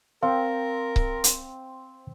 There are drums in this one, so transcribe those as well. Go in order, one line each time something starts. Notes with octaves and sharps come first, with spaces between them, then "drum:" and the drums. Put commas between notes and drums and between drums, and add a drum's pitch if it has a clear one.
C4 A#4 F5 G5
drum: kick C#1
drum: hi-hat